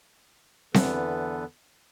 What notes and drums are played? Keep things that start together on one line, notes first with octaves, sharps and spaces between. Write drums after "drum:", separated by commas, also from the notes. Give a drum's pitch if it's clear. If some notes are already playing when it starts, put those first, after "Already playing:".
E2 D3 E3 B3 A4 B4, drum: snare C4